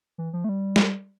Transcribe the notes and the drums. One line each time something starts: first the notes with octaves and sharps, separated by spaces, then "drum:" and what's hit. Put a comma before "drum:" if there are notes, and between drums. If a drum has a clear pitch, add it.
E3
F3
A3
G3
drum: snare